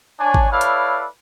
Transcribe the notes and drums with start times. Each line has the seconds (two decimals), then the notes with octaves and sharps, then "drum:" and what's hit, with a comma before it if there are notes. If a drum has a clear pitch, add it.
0.20 D4 C#5 G#5
0.34 drum: kick
0.51 E4 A4 B4 C#5 D5 F5
0.61 drum: hi-hat